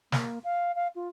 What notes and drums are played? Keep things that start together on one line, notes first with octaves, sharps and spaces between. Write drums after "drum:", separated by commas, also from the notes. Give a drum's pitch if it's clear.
A#3, drum: snare
F5
F5
F4